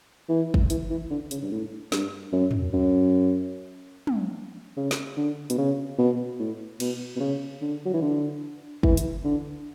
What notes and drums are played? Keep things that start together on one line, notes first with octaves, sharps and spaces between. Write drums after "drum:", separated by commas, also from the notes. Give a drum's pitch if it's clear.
E3
drum: kick
E3, drum: hi-hat
E3
D3
C#3, drum: hi-hat
G2
A2
G2, drum: snare
F#2
drum: tom
F#2
drum: tom
C#3
drum: snare
D3
B2, drum: hi-hat
C#3
B2
A2
B2, drum: cymbal
B2
C#3
D3
F#3
E3
D3
E3, drum: kick
drum: hi-hat
D3